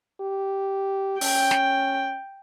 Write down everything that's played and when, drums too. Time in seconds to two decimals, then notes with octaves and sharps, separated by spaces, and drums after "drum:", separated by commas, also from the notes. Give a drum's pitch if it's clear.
0.21 G4
1.21 C#4 G5, drum: open hi-hat
1.51 drum: snare